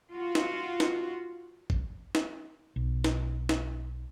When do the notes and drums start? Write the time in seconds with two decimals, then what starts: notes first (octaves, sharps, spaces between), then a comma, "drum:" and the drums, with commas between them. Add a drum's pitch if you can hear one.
0.13 F4 F#4
0.35 drum: snare
0.80 drum: snare
1.70 drum: kick G#1
2.15 drum: snare
2.76 B1
3.04 drum: snare
3.49 drum: snare